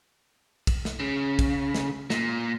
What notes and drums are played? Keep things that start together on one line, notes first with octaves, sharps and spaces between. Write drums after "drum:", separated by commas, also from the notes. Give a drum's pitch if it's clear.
drum: kick, cymbal
drum: snare
C#3
drum: kick, cymbal
drum: snare
A#2, drum: snare